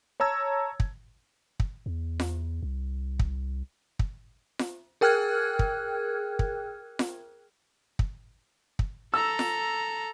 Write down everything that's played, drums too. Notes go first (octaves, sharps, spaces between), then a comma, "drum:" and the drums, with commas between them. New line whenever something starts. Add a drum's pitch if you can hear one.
C#5 A5 A#5 E6 G#6
drum: kick
drum: kick
E2
drum: snare F4
C2
drum: kick
drum: kick
drum: snare F4
G#4 A#4 G5 F6 F#6 G#6
drum: kick
drum: kick
drum: snare F4
drum: kick
drum: kick
A4 A#5 E6
drum: snare F4